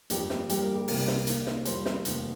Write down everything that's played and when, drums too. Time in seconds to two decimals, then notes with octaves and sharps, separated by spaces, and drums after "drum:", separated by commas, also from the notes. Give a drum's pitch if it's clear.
0.10 G1 F2 F3 A#3 G4, drum: hi-hat
0.30 drum: snare
0.50 G1 G2 G3 A#3 G4, drum: hi-hat
0.62 A#4
0.75 G4
0.88 C2 C3 G3 A#3 A#4, drum: open hi-hat
1.08 drum: snare
1.27 D#2 D#3 A#3, drum: hi-hat
1.46 drum: snare
1.65 F2 D#3 G3 A#3 C5, drum: hi-hat
1.85 drum: snare
2.05 F1 D#2 D#3 A#3, drum: hi-hat